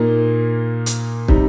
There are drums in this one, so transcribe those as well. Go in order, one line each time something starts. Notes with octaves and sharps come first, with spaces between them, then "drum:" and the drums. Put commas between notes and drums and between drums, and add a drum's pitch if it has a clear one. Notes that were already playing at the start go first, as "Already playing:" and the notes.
Already playing: A#2 A#3 D#4
drum: hi-hat
C3 G3 D#4, drum: kick